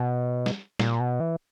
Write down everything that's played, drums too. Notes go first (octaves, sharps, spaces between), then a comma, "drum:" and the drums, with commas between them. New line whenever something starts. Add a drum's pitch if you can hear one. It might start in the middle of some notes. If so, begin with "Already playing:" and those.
Already playing: B2
drum: snare
A#2, drum: snare
B2
E3